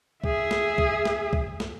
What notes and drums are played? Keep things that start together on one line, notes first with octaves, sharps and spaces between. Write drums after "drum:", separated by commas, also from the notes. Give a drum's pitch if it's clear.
G#4 E5, drum: kick C2
drum: snare
drum: kick C2
drum: snare
drum: kick C2
drum: snare